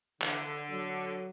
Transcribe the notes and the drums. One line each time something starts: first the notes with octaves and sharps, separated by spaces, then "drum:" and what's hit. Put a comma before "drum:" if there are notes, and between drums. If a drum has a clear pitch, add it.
D3 E3, drum: clap
F#3